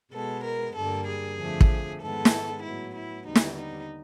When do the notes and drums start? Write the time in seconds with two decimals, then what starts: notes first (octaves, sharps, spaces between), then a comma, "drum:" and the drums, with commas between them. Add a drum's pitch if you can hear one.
0.13 B2 G#3 B3 A4
0.45 A#4
0.75 G2 D3 G3 A#3 A4
1.08 G#4
1.38 F2 D3 F3 A3
1.61 drum: kick
2.01 G#2 D#3 G#3 B3 A4
2.25 drum: snare
2.64 A2 F#3 B3 E4
2.95 E4
3.26 D#2 D3 G3 B3 D#4
3.35 drum: snare
3.57 D#4